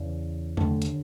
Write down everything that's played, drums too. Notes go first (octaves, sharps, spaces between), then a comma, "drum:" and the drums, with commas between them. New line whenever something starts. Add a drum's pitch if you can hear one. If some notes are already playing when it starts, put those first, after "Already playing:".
Already playing: E2 C#3
D#2 D3 A3, drum: tom E2
drum: hi-hat